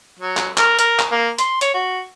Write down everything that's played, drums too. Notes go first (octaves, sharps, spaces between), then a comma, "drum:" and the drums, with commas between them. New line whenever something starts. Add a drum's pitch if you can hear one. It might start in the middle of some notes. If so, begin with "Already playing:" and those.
F#3
drum: clap
A#4, drum: clap
A#4, drum: hi-hat
drum: clap
A#3
C6, drum: hi-hat
C#5, drum: hi-hat
F#4